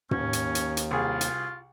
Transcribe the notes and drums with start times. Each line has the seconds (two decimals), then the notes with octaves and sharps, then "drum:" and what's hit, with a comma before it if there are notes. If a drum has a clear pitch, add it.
0.11 D#2 C#4, drum: tom
0.33 drum: hi-hat
0.55 drum: hi-hat
0.77 drum: hi-hat
0.91 C2 F4 G#4
1.21 drum: hi-hat